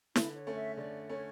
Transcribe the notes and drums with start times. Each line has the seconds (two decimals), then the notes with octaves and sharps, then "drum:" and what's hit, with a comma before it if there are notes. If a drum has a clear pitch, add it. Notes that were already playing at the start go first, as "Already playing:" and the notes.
0.16 D3 E4, drum: snare
0.36 C#5
0.47 A3 C#4
0.57 E5
0.77 D3 D5
1.09 A3 C#4 C#5